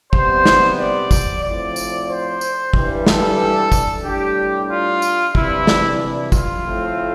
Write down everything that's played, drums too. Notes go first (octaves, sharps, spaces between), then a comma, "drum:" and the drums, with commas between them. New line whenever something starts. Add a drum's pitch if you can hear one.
C3 G3 B3 C5, drum: kick
drum: snare
D5
drum: kick, tambourine
A2 F3 C4 D5
drum: tambourine
C5
drum: tambourine
G2 E3 G3, drum: kick
A4, drum: snare
drum: kick, tambourine
A2 G3 D4 G4
F4
drum: tambourine
C3 E3 G3 D4 E4, drum: kick
drum: snare
E4
F4, drum: kick, tambourine
A2 F3 A3 C4